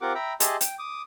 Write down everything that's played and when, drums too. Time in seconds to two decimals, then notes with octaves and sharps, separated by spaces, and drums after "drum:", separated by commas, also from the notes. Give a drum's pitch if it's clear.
0.01 C4 F4 G4 A#4 F#5 D6
0.15 E5 G5 A#5 B5
0.40 G4 G#4 D#5 E5 A5 C6, drum: hi-hat
0.61 G5, drum: hi-hat
0.79 D6 D#6